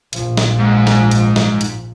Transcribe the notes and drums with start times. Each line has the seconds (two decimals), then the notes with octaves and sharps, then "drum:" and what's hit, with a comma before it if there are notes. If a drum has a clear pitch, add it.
0.13 A#1 F3, drum: hi-hat
0.37 drum: snare
0.59 G#2
0.87 drum: snare
1.11 drum: hi-hat
1.36 drum: snare
1.61 drum: hi-hat